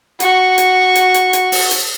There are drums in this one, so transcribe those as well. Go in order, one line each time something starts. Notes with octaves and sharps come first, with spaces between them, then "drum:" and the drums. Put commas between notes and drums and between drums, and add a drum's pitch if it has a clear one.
F#4 C#6, drum: hi-hat
drum: hi-hat
drum: hi-hat
drum: hi-hat
drum: hi-hat
drum: open hi-hat
drum: hi-hat